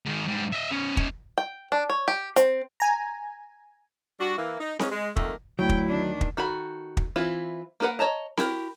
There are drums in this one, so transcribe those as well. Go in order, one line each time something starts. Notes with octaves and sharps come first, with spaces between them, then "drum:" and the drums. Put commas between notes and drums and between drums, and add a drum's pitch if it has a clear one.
G#2 D#3
G#2 G3
D#5 E5
B3 C#4
C#4 D#4, drum: kick
G5
D4
C#5
G4
C4, drum: hi-hat
G#5 A#5
G3 D4 F#4
E3 A#3
D#4
G#2 C#4, drum: snare C4
G#3
F2 D#3 A3 A#3, drum: kick
D2 F#3 E4 G5
drum: kick
D#3 D4
drum: kick
D#3 F#4 A4 B5
drum: kick
E3 C4 E4 F4
A#3 D#4 A#4 B4 F#5
C#5 D#5 A5 A#5
E4 F#4 G4 A#4, drum: snare C4